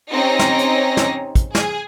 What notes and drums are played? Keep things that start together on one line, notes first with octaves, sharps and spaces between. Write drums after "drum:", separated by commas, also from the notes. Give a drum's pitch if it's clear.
C4 C#4 D#4 G4 A#6
drum: snare
drum: hi-hat
drum: snare
drum: kick, hi-hat
G#4, drum: snare